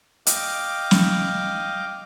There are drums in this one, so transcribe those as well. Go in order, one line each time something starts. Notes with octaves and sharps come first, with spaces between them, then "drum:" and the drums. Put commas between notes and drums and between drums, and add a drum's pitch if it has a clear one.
D#5 F5 G5 D6, drum: hi-hat
drum: snare